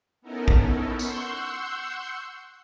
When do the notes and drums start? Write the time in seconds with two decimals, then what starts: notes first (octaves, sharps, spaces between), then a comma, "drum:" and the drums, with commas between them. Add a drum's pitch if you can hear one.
0.21 B3 C#4 D#4 E4 A4 A#4
0.48 drum: kick A#1
0.99 F#5 C6 C#6 E6 G6, drum: tambourine